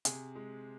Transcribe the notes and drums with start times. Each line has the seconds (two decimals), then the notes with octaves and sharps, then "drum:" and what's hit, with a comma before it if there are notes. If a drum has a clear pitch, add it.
0.05 C3 G#4, drum: hi-hat
0.35 G#3